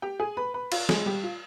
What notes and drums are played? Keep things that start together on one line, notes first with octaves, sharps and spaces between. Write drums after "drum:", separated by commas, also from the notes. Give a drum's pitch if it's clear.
G4 G5
G#4 G#5
B4 B5
B4 B5
F4 F5, drum: cymbal
G#3 G#4, drum: snare
G3 G4
F4